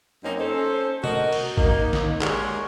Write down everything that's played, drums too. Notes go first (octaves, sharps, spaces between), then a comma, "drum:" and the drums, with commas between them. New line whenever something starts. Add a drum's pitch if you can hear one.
F#2 A#3 C4 C#4 D#4
C#4 A4 C5
F#4 A#4 D#5, drum: tom
drum: cymbal
A#3 D#4, drum: kick
drum: snare
G#3 G4 A#4 C#5 D5 F#5, drum: clap